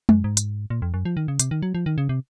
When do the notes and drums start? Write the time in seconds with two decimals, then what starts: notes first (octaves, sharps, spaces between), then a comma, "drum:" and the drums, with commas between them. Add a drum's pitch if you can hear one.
0.09 F#2, drum: tom G#3
0.24 G#2
0.37 drum: hi-hat
0.70 A#2
0.82 F2
0.94 F#2
1.05 F3
1.17 D#3
1.28 C#3
1.39 C3, drum: hi-hat
1.51 D#3
1.62 F#3
1.75 F3
1.86 D#3
1.98 C#3
2.09 C3